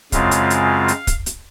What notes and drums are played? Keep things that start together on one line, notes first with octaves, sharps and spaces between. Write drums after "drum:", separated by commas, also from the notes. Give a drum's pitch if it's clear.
F#2 C#3 G#3 C4 F4 F5, drum: kick, hi-hat
drum: hi-hat
drum: hi-hat
drum: hi-hat
drum: kick, hi-hat
drum: hi-hat